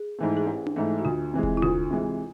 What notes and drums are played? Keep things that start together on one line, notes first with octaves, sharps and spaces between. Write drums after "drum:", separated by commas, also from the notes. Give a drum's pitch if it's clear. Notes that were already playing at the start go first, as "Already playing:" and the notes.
Already playing: G#4
G#2 E3 A3
G#4
A1 G4
drum: tom D4
G#2 E3 A3
F#4
D2 F4
C3 E3 G#3
drum: kick E1
E4
D2 F4
C3 E3 G#3